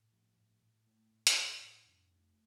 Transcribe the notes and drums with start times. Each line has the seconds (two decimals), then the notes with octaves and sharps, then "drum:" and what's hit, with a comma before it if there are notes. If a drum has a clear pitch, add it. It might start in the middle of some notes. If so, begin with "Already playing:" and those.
Already playing: A2
0.12 F3
0.37 A2
0.62 A2
0.87 A3
1.11 A2
1.27 drum: hi-hat
1.36 A2
1.61 A2
1.85 F2
2.11 A3